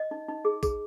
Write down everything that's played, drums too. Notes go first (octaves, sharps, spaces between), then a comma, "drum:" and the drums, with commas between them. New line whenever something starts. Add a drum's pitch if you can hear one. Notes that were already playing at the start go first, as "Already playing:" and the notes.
Already playing: D#5
D#4
D#4
G#4
G#4, drum: kick, tambourine